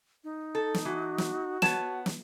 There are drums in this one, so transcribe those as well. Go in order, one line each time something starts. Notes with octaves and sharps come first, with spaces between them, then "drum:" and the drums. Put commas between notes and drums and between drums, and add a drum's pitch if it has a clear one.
D#4
A4
drum: snare
E3 F#4
drum: snare
B3 C#5 F#5 A5 E7, drum: snare
drum: snare